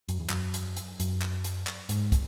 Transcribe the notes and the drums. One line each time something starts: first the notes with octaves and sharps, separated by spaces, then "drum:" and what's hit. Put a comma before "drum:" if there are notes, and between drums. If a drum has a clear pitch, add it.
F#2, drum: hi-hat
E2
F#2, drum: clap
drum: hi-hat
drum: hi-hat
F#2, drum: hi-hat
drum: clap
drum: hi-hat
drum: clap
G#2, drum: hi-hat
drum: kick, hi-hat